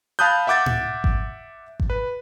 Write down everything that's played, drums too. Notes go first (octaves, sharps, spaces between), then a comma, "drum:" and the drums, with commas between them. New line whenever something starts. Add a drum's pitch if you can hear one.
F5 A5 B5 D#6 F#6 G6
E5 F#5 D6 G6 A6
drum: tom A2
drum: kick G#1
drum: kick G#1
B4